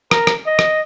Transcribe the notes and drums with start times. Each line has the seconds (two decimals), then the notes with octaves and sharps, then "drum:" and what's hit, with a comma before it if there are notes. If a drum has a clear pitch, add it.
0.11 A#4, drum: rim click
0.27 drum: rim click
0.46 D#5
0.59 drum: rim click